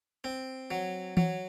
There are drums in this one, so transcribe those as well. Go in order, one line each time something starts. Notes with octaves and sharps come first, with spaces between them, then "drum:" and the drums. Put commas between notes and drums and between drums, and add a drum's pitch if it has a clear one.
C4
F#3
F#3, drum: tom E3